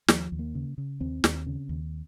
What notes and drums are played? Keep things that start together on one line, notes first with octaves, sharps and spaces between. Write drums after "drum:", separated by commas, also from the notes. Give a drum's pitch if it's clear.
D#2 F3, drum: snare
D#2
A#3
C#3
C#3
D#2 C4
D#2, drum: snare
C#3
D#2